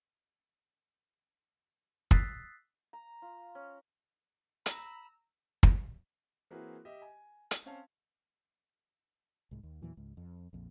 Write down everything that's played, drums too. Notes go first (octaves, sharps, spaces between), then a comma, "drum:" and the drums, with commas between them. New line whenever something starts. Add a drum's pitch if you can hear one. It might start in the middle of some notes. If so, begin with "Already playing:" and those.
D#6 E6 F#6 A6 B6 C7, drum: kick
A#5
F4
C#4
A#5 B5 E6, drum: hi-hat
drum: kick
E3 A#3 C4 F#4 G#4 B4
G4 D#5 E5
G#5
drum: hi-hat
C4 C#4 F5 A5
C2 G#2
D#2
E2 A#2 E3 F#3
C#2 G#2
F2
A#1 F2 A#2